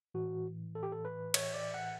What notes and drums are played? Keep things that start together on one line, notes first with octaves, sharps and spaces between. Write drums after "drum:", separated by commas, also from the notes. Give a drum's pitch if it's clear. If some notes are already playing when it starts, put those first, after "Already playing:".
A2 E3 F#4
A4
G4
A4
B4
C#5, drum: cymbal
D5
F#5